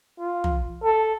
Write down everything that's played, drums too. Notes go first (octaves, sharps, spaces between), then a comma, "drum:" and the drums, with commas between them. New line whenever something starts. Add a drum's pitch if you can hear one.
F4
drum: tom
A4